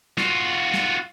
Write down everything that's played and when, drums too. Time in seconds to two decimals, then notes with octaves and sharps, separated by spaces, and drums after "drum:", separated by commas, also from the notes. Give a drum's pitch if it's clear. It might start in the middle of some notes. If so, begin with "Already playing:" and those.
0.18 F4 F#4, drum: snare
0.74 drum: snare